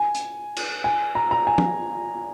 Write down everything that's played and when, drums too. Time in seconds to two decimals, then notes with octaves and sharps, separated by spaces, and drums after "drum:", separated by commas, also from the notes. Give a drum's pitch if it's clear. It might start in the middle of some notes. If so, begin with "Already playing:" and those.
Already playing: G#5
0.15 drum: hi-hat
0.56 drum: cymbal
0.84 G#5
1.15 A#5
1.31 A#5
1.47 G#5
1.58 drum: tom